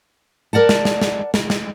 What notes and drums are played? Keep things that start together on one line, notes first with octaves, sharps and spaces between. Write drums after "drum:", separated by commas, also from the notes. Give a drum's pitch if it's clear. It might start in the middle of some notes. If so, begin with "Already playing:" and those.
A#4 D5 F#5 A5
drum: snare
drum: snare
drum: snare
drum: snare
drum: snare